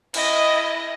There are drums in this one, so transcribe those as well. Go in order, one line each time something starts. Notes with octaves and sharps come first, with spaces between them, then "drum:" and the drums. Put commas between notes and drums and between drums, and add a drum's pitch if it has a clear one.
E4 D#5, drum: cymbal